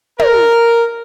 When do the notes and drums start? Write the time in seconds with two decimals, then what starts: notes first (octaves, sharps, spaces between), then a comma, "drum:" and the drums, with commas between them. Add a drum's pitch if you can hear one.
0.19 A#4, drum: tom